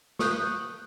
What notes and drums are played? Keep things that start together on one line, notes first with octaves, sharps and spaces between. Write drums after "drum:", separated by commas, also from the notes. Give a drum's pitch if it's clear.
C#6 D#6 F#6 G6, drum: snare